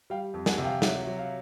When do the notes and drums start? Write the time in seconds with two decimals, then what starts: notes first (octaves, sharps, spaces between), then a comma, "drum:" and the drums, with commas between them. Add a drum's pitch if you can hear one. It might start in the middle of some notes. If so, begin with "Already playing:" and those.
0.10 G3 F5 G5
0.34 F2
0.46 F#5 G#5, drum: snare
0.58 C3
0.65 F5 G5
0.82 F#3 E5 F#5, drum: snare
1.06 F#3
1.18 F5